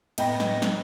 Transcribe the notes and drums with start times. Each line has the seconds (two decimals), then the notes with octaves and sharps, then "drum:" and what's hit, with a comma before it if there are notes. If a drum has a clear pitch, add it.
0.18 A2 B3 D#5 G5 B5 A#6, drum: cymbal
0.40 drum: snare
0.62 drum: snare